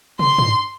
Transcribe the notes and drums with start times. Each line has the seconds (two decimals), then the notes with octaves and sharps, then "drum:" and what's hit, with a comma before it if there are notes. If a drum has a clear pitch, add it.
0.19 C6, drum: tom
0.38 drum: tom